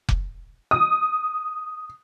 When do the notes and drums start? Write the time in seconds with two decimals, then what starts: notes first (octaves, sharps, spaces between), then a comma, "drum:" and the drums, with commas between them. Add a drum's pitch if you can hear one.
0.09 drum: kick F1
0.71 D#6